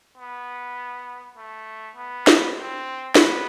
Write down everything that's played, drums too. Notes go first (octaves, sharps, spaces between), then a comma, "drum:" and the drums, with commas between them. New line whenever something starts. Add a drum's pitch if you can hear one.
B3
A3
B3
drum: snare
C4
B3, drum: snare